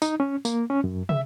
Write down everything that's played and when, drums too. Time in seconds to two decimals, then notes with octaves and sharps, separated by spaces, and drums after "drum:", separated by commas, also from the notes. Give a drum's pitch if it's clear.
0.02 D#4, drum: tambourine
0.20 C#4
0.45 A#3, drum: tambourine
0.70 C#4
0.84 F#2
1.09 E5, drum: tom